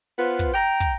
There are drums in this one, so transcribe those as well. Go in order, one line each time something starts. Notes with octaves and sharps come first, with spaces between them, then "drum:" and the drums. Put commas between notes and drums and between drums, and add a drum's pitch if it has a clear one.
B3 F4 B4 C5, drum: open hi-hat
drum: kick, hi-hat
G5 A#5
drum: kick, hi-hat